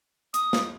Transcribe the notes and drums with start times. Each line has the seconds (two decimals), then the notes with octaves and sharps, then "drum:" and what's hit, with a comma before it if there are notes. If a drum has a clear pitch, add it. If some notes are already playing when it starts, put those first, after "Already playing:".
0.34 D#6, drum: hi-hat
0.53 drum: snare